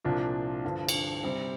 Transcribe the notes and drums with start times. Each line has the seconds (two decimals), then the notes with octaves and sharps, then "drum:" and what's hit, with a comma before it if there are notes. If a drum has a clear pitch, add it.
0.05 C2 A#2 F3 D4 F4
0.65 G2 D3 F3
0.89 drum: cymbal
1.24 C3 G3 C4